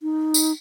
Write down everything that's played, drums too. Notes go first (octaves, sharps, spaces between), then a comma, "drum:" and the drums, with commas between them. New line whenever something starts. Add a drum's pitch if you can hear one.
D#4
drum: tambourine